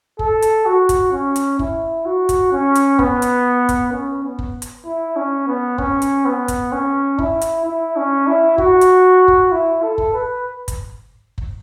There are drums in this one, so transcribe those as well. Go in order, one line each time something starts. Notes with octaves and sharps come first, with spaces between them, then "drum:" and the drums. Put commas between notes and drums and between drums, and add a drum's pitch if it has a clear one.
A4, drum: kick F#1
drum: hi-hat
F#4
drum: kick F#1, hi-hat
C#4
drum: hi-hat
E4, drum: kick F#1
F#4
drum: kick F#1, hi-hat
C#4
drum: hi-hat
B3, drum: kick F#1
drum: hi-hat
drum: kick F#1, hi-hat
C#4
B3
drum: kick F#1
drum: hi-hat
E4
C#4
B3
C#4, drum: kick F#1
drum: hi-hat
B3
drum: kick F#1, hi-hat
C#4
E4, drum: kick F#1
drum: hi-hat
E4
C#4
E4
F#4, drum: kick F#1
drum: hi-hat
drum: kick F#1
E4
A4
drum: kick F#1
B4
drum: kick F#1, hi-hat
drum: kick F#1